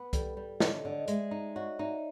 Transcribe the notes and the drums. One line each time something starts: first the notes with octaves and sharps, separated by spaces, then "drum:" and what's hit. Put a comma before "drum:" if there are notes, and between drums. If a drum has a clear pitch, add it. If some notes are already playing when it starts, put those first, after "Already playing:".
Already playing: B3
G3 A4, drum: kick C2, hi-hat
G3
D3 C#5 D#5, drum: snare
D3
D5
D#5
G#3 D5 E5, drum: hi-hat
D#4
F#4 C#5 D#5
D#4 D5 E5